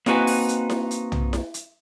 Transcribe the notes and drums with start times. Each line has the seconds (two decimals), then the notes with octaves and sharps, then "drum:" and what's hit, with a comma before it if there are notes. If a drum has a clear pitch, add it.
0.06 A#3 C4 D#4 F#4 B4 G#5, drum: snare E4
0.27 drum: open hi-hat
0.48 drum: hi-hat
0.70 drum: snare E4
0.91 drum: hi-hat
1.12 drum: tom
1.33 drum: snare E4
1.54 drum: hi-hat